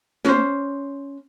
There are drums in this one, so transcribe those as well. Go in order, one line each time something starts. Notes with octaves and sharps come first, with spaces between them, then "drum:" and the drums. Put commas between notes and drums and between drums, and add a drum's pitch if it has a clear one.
C#4 C5, drum: snare